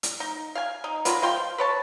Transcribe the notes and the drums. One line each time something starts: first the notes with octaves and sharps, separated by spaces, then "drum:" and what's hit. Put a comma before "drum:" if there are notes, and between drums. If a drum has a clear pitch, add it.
drum: hi-hat
D#4
F5 G#5
D#4
D#3 F#3 F4 B4, drum: hi-hat
F3 F5 G5 C6
B4 C#5 A5